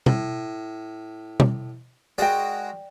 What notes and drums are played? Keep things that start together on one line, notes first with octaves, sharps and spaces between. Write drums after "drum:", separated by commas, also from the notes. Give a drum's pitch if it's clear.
A2, drum: tom B2
drum: tom B2
G#3 F#4 A#4 D5 G5